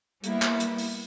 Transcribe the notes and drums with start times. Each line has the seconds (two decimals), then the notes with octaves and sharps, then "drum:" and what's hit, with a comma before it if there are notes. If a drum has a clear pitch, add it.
0.24 G3 A#3 B3 E4, drum: hi-hat
0.42 drum: clap
0.60 drum: hi-hat
0.78 drum: open hi-hat